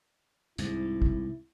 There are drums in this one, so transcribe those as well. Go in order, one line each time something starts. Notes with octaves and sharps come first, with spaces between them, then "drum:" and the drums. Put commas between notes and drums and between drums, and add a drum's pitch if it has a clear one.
C2 G#2 E4, drum: hi-hat
drum: kick